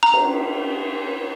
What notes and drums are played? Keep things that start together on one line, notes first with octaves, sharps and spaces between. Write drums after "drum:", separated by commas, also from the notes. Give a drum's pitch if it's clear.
A#5
drum: cymbal